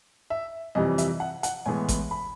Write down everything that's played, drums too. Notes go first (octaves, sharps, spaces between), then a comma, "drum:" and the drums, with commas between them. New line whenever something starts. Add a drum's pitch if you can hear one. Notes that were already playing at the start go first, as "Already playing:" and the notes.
E5
F2 C3 E3 G3 D#5
E5, drum: hi-hat
F#5
F#5, drum: hi-hat
A2 E3 G#3 B3 G#5
drum: kick G#1, hi-hat
B5